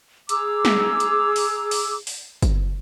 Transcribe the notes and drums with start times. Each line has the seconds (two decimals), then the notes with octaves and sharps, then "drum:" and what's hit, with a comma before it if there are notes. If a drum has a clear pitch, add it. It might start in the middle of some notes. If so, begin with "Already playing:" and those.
0.29 G#4 A#5 D6 E6, drum: hi-hat
0.65 drum: snare
1.00 drum: hi-hat
1.36 drum: open hi-hat
1.71 drum: open hi-hat
2.07 drum: open hi-hat
2.42 drum: kick, hi-hat